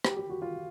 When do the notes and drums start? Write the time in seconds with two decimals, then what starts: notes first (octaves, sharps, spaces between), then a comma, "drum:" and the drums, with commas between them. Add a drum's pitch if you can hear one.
0.04 G4, drum: rim click
0.17 G4
0.29 F#4
0.42 F4